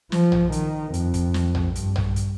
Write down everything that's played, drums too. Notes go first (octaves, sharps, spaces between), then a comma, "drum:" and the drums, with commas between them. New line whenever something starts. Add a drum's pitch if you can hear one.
F3, drum: snare
drum: tom A#1
D#3, drum: hi-hat
F2, drum: hi-hat
drum: kick, hi-hat
drum: snare
drum: tom A#1
G2, drum: hi-hat
drum: tom A#1
drum: hi-hat